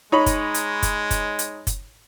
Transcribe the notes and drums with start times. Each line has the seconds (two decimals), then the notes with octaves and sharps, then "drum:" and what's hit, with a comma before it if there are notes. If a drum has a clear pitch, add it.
0.12 G#3 D#4 C#5 B5
0.26 drum: kick F#1, hi-hat
0.54 drum: hi-hat
0.82 drum: kick F#1, hi-hat
1.11 drum: kick F#1, hi-hat
1.39 drum: hi-hat
1.67 drum: kick F#1, hi-hat